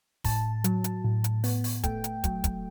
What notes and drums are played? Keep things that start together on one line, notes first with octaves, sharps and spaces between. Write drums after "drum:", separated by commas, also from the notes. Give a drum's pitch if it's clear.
A2 A5, drum: kick, open hi-hat
F#3, drum: hi-hat
drum: hi-hat
A2
drum: hi-hat
B3, drum: open hi-hat
drum: open hi-hat
A3 G5, drum: kick, hi-hat
drum: hi-hat
F#3, drum: kick, hi-hat
drum: kick, hi-hat